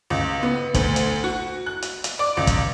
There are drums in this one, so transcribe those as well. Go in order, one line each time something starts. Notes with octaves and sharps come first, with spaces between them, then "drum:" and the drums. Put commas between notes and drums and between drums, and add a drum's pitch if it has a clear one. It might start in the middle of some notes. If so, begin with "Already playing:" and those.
C#2
B3
D2, drum: kick, hi-hat
drum: hi-hat
F#4
F#6
drum: hi-hat
drum: hi-hat
D5
C#2
drum: kick, hi-hat